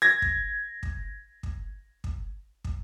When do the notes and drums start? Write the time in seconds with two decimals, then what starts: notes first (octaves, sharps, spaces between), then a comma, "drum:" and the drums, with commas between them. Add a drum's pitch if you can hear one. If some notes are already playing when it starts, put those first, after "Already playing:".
0.02 G#6 A#6
0.22 drum: kick
0.83 drum: kick
1.43 drum: kick
2.04 drum: kick
2.64 drum: kick